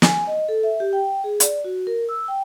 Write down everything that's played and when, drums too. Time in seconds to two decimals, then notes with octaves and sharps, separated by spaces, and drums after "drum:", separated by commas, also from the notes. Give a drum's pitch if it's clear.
0.02 G#5, drum: snare
0.27 D#5
0.49 A4
0.63 E5
0.80 G4
0.93 G5
1.24 G#4
1.40 D5, drum: hi-hat
1.64 F#4
1.87 A#4
2.09 E6
2.28 G5